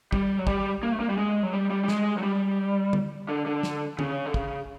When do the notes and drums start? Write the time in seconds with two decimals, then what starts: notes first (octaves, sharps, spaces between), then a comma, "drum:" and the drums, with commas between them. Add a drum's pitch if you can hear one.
0.13 G3, drum: kick
0.39 F#3
0.47 G3, drum: kick
0.83 A#3
0.92 A3
1.00 A#3
1.10 G3
1.17 G#3
1.43 F#3
1.53 G3
1.70 G3
1.84 G3
1.88 G#3, drum: snare
2.18 F#3
2.23 G3
2.93 drum: tom D3
3.29 D3
3.46 D3
3.63 drum: snare
3.99 C#3, drum: tom D3
4.26 D3
4.34 C#3, drum: kick